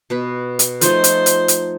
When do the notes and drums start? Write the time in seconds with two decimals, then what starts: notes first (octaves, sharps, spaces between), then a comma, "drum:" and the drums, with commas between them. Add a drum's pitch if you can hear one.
0.10 B2 B4 B5
0.59 drum: hi-hat
0.81 F3 A3 D#4 C5, drum: hi-hat
1.04 drum: hi-hat
1.26 drum: hi-hat
1.48 drum: hi-hat